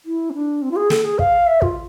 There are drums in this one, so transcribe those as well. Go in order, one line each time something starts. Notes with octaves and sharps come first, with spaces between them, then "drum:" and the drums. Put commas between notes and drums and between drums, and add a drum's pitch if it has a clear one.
E4
C4
D4
C4
F4
G#4
A4, drum: snare
G#4
F5, drum: kick
E5
F4, drum: kick